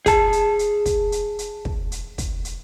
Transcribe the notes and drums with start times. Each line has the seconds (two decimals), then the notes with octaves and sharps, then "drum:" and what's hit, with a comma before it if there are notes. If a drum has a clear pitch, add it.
0.06 G#4 A5, drum: kick, hi-hat
0.33 drum: hi-hat
0.59 drum: hi-hat
0.86 drum: kick, hi-hat
1.12 drum: hi-hat
1.39 drum: hi-hat
1.65 drum: kick
1.92 drum: hi-hat
2.18 drum: kick, hi-hat
2.45 drum: hi-hat